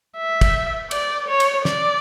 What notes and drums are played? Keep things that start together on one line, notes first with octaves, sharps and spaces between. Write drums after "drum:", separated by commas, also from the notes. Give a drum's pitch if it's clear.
E5
drum: kick, cymbal
D5, drum: cymbal
C#5
drum: cymbal
D5, drum: snare